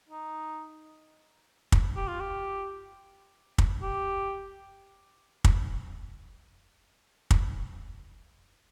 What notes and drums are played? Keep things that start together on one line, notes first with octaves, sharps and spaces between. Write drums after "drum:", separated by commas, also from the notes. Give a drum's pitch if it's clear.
D#4
drum: kick
G4
F4
G4
drum: kick
G4
drum: kick
drum: kick